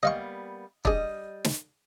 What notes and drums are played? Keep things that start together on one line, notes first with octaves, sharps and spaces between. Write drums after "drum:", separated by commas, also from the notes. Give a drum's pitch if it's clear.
G3 A#3 B3 D#5 F5 C#6
G3 D4 G#4 D#5, drum: kick
drum: snare